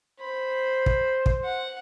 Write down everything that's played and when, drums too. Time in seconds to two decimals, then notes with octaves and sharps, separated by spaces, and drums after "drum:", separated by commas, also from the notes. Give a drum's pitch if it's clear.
0.21 C5 B5
0.86 drum: kick
1.26 drum: kick
1.44 F#5